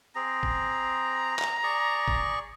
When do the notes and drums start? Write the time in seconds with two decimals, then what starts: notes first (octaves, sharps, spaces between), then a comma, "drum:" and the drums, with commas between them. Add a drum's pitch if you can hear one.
0.16 C4 G#4 A#5
0.43 drum: kick
1.39 drum: clap
1.63 G#4 D5 C#6
2.08 drum: kick